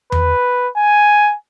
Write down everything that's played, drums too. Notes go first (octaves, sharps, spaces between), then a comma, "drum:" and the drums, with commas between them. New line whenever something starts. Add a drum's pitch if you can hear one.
B4, drum: tom E2
G#5